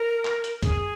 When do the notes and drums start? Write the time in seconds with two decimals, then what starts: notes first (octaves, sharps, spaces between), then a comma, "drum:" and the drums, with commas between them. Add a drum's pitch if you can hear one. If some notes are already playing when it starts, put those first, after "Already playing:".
Already playing: A#4
0.25 drum: clap
0.44 drum: hi-hat
0.63 G#4, drum: kick, hi-hat